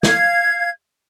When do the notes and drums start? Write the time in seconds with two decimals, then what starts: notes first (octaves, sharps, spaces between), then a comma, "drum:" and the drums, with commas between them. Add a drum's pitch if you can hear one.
0.03 F5 G#6, drum: snare